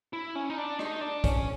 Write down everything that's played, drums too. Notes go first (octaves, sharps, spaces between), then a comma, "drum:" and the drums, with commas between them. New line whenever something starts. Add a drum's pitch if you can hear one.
E4
C#4
D#4
D4
D#4, drum: rim click
D4
C#4, drum: kick, hi-hat